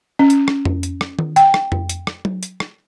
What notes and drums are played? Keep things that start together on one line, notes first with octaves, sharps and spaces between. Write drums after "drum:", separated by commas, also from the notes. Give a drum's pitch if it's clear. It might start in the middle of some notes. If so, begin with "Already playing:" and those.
C#4
drum: hi-hat
drum: rim click
drum: tom F2
drum: hi-hat
drum: rim click
drum: tom D#3
G5, drum: hi-hat
drum: rim click
drum: tom F2
drum: hi-hat
drum: rim click
drum: tom F#3
drum: hi-hat
drum: rim click